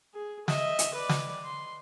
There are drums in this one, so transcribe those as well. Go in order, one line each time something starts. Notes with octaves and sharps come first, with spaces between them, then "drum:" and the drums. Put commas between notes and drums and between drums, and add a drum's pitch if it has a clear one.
G#4
D#5 E5, drum: snare
drum: hi-hat
B4 D5
drum: snare
C6